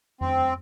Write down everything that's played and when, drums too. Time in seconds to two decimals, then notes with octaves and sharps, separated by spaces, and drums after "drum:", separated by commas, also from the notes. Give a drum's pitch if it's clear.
0.21 C4, drum: tom F2